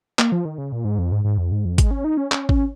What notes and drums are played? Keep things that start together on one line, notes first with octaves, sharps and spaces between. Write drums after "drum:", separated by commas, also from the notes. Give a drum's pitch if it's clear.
A#3, drum: clap
F3
D#3
C#3
A#2
G#2
F2
G#2
G#2
F2
G#2
F2
G#3, drum: kick G#1, hi-hat
C#4
D#4
C#4
C#4, drum: clap
C#4, drum: kick G#1